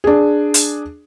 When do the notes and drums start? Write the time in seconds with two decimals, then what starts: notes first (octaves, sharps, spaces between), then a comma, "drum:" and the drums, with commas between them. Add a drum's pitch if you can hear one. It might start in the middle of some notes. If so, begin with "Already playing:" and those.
0.04 D4 G#4
0.54 drum: hi-hat